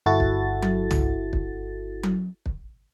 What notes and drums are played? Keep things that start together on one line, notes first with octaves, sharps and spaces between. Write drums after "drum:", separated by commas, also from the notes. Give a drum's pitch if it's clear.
G1 E4 F#4 A4 A6
drum: kick
drum: tom F#3
drum: tom
drum: kick
drum: tom F#3
drum: kick